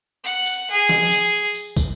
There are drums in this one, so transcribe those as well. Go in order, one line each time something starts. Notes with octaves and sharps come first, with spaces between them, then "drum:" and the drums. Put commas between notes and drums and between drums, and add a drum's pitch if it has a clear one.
F#5
drum: tambourine
G#4
drum: snare
drum: tambourine
drum: tambourine
drum: kick, tambourine